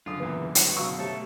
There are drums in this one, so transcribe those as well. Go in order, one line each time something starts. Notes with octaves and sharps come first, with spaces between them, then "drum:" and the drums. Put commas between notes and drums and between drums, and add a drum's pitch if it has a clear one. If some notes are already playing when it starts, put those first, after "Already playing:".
F#1 D3 F4 D#6
E2 A#2 E3 B4
F#4 B4 C#5, drum: hi-hat
B2 F#3 F5 C#6 E6
A3 G4 A4 C5 C#5